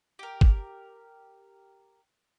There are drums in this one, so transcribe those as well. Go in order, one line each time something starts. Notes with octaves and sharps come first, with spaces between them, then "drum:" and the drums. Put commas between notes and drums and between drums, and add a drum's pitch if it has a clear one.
G4 A#4
drum: kick